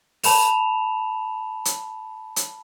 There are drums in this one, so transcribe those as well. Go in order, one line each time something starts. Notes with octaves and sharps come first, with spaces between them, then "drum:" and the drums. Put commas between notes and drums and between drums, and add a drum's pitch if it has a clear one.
A5 B5 E7 F7, drum: open hi-hat
drum: hi-hat
drum: hi-hat